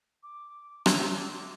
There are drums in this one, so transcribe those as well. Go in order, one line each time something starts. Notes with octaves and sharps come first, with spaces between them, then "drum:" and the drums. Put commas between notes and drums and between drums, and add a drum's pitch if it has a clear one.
D6
E6, drum: rim click
D6
C6
D6